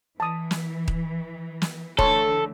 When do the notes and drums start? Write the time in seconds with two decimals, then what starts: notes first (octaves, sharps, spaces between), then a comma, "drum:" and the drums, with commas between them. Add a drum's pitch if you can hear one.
0.20 E3 A5 D#6
0.51 drum: snare
0.88 drum: kick D#1
1.62 drum: snare
1.99 D3 E3 A3 A4 C#5 C6, drum: kick D#1